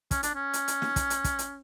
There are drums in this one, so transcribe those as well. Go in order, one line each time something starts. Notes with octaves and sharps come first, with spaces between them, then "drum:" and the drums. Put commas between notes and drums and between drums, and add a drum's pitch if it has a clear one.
C#4, drum: kick, hi-hat
D4, drum: hi-hat
C#4
drum: hi-hat
drum: hi-hat
drum: snare
drum: kick, hi-hat
drum: hi-hat
drum: kick, hi-hat
drum: hi-hat